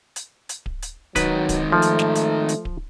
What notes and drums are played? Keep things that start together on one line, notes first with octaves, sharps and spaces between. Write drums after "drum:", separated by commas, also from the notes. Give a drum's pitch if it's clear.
drum: hi-hat
drum: hi-hat
drum: kick D1
drum: hi-hat
G#2 D#3 F#3 B4, drum: kick D1, hi-hat
drum: kick D1, hi-hat
F3 A3
drum: hi-hat
drum: snare
drum: hi-hat
drum: hi-hat
drum: kick D1